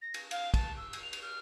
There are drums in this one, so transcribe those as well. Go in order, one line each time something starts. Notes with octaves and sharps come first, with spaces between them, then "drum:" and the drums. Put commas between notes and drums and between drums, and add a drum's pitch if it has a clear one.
A#6
drum: cymbal
F5, drum: cymbal
A5, drum: kick, cymbal
E6
drum: cymbal
F7
drum: cymbal
F6